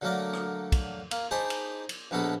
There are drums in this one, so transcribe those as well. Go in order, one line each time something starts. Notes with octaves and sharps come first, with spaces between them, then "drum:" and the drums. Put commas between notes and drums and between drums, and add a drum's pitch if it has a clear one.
D3 F#3 A3 A#3 A#4 D5
drum: rim click
drum: kick, cymbal
A#3, drum: cymbal
D#4 G#4 C5 A5 B5 D6
drum: cymbal
drum: cymbal
A#1 B2 A#3 B3 A4 B5